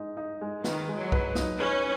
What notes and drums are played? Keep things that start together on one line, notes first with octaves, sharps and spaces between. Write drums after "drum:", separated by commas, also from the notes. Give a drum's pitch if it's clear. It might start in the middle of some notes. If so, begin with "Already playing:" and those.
Already playing: G#3 D#4
D#4
G#3
D#3 B4, drum: snare
G#3
F#3
B4, drum: kick B1
D#4, drum: snare
C#4 B4